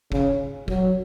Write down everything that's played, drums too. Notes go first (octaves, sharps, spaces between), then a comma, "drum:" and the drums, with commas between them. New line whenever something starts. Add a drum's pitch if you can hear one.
C#3, drum: kick
F#3, drum: kick